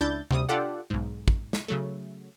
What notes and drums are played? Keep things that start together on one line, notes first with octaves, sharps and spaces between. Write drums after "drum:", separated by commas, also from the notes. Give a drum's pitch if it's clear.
C#2 D4 E4 G6 A6
D2 C3 G3 D#6, drum: tom C3
D4 F4 G4 A4 D5 F#5
B1 G#2
drum: kick
drum: snare
C#3 F#3 A3